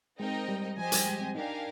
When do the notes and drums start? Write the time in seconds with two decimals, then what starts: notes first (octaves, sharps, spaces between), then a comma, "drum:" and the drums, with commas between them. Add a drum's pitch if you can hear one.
0.19 G#3 C4 D#4 A#4 D#5 G5
0.48 G3
0.78 F3 G4 C5 D#5 G#5
0.92 G3, drum: hi-hat
1.06 G#3
1.21 C4
1.35 D4 D#4 G4 A#4 F5 G#5